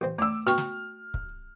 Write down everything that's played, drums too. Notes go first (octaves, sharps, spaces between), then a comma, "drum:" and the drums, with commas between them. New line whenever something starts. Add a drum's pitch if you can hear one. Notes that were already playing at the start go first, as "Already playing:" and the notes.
A1 C4 C5
A3 C#4 D4 D6 E6
B2 F#4 G5 C#6 F6
drum: snare
drum: kick C#1